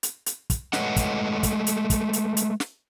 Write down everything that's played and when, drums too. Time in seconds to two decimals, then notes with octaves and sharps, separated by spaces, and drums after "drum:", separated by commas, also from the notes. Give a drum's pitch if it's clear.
0.03 drum: hi-hat
0.26 drum: hi-hat
0.50 drum: kick, hi-hat
0.73 G#3 A3 B4 C#5 D#5 F#5, drum: snare
0.96 drum: kick, hi-hat
1.43 drum: kick, hi-hat
1.67 drum: hi-hat
1.90 drum: kick, hi-hat
2.13 drum: hi-hat
2.37 drum: hi-hat
2.60 drum: snare